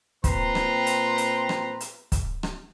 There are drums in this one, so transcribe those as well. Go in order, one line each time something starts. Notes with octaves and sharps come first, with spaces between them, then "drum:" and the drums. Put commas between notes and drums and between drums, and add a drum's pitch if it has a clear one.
A#2 C4 B4 G5 A#5 C6, drum: kick, hi-hat
drum: rim click
drum: hi-hat
drum: hi-hat
drum: rim click
drum: hi-hat
drum: kick, hi-hat
drum: rim click